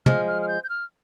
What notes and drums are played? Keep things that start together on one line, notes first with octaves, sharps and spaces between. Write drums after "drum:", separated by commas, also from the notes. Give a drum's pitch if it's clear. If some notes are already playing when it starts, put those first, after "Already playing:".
F3 G#3 F6, drum: tom
F6
F6
G6
G6
F6